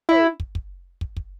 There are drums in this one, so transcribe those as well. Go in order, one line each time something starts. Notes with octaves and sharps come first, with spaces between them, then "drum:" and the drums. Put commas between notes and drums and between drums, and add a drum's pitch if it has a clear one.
E4, drum: tom
drum: kick
drum: kick
drum: kick
drum: kick